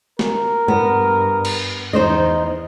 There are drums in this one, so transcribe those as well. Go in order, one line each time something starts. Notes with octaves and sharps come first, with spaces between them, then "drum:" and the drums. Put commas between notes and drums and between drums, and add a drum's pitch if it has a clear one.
A#4, drum: snare
G2 B3
drum: cymbal
E2 D#4 C5 D#5